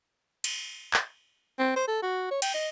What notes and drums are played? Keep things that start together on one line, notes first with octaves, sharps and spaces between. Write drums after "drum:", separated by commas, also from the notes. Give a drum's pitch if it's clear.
drum: cymbal
drum: clap
C4
C5
A4
F#4
C#5
G5, drum: cymbal
D#5